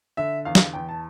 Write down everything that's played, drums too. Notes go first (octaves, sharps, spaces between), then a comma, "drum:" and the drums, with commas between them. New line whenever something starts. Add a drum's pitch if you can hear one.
D3 E5
E2 F5
drum: snare
E2 G5
A5